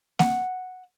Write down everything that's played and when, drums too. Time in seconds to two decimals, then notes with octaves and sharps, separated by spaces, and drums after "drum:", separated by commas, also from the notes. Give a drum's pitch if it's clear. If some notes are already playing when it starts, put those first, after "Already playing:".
0.19 F#5, drum: snare A#3